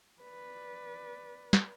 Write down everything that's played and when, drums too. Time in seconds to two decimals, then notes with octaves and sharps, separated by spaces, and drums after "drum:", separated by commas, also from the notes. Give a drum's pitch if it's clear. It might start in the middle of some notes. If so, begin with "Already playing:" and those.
0.22 B4 D5
1.53 drum: snare